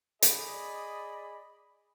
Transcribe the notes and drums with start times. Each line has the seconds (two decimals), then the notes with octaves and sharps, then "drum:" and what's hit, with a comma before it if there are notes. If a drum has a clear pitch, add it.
0.22 G#4 D5 D#5 B5, drum: hi-hat